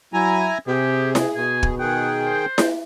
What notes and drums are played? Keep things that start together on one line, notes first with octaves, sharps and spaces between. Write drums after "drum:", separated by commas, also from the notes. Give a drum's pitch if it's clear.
F#3 E4 G#5 A#5
C3 G4 G#4
drum: snare E4
B2 G#5
drum: kick
D#3 G#4 F#5 G5
C5
drum: snare E4